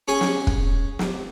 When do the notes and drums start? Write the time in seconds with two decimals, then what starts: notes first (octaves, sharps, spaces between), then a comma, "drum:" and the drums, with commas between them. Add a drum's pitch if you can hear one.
0.08 C#4 G#4 G#5
0.21 drum: snare
0.47 drum: kick
0.99 drum: snare